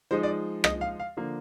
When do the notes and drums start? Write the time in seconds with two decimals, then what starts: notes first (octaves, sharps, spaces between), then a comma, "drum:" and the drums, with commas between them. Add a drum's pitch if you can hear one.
0.11 F3 G#3 D#4 C5
0.23 D5
0.64 D#5, drum: rim click
0.81 F5
1.00 F5
1.17 D3 F3 A#3 D4